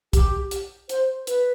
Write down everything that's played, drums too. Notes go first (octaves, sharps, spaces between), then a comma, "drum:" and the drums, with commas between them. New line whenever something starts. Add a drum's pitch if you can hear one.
G4, drum: kick, hi-hat
drum: hi-hat
C5, drum: hi-hat
B4, drum: hi-hat